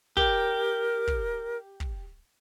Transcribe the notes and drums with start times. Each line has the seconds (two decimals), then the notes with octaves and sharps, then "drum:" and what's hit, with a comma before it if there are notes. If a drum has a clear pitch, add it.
0.17 G4 A#4, drum: kick
1.07 drum: kick
1.80 drum: kick